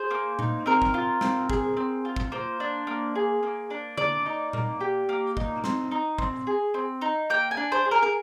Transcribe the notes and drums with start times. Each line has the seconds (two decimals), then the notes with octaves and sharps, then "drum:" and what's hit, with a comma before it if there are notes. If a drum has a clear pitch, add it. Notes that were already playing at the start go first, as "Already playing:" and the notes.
Already playing: G#4 C5
0.11 A#3
0.39 D#4, drum: tom A#2
0.66 C4 A#4
0.82 drum: kick
0.94 F4
1.21 C4, drum: snare
1.50 G#4, drum: kick
1.77 C4
2.05 F4
2.16 drum: kick
2.32 A#3 C5
2.60 D4
2.87 A#3
3.15 G#4
3.43 A#3
3.70 D4
3.98 A#3 D5, drum: tom D3
4.26 D#4
4.53 A#3, drum: tom A#2
4.81 G4
5.09 A#3
5.37 D#4, drum: kick
5.64 C4, drum: snare
5.91 D#4
6.19 C4, drum: kick
6.47 G#4
6.74 C4
7.01 D#4
7.30 A#3 G5
7.51 G#5
7.57 D4
7.72 C5
7.85 G#4
7.91 A#4
8.03 A#4